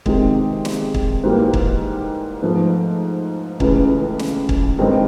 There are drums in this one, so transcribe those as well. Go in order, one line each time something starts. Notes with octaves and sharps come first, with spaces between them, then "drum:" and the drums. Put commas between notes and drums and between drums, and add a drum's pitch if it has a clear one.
C3 D#3 G#3, drum: kick
drum: snare
drum: kick
G#2 E3 G3 A#3
drum: kick
G#2 F3 A3
C#2 C#3 E3 A3, drum: kick
drum: snare
drum: kick
G2 D#3 G#3 C4 D#4